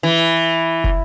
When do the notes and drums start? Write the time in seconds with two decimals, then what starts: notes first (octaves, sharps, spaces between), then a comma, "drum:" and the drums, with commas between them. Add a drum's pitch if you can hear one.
0.03 E3
0.84 drum: kick